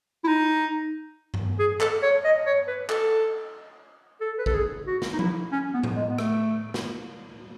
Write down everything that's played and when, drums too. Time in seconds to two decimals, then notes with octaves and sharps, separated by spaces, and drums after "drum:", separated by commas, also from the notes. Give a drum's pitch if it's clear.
0.24 E4
0.28 D#4
1.34 drum: tom G2
1.59 G#4
1.80 A4, drum: clap
2.03 C#5
2.24 D#5
2.46 C#5
2.68 B4
2.89 A4, drum: clap
4.21 A4
4.39 B4
4.46 A4, drum: kick A1
4.54 G#4
4.87 F#4
5.02 drum: snare
5.13 D#4
5.19 E4, drum: tom F3
5.52 C#4
5.74 B3
5.84 drum: tom
5.96 G#3
6.09 B3
6.18 A3, drum: rim click
6.74 drum: snare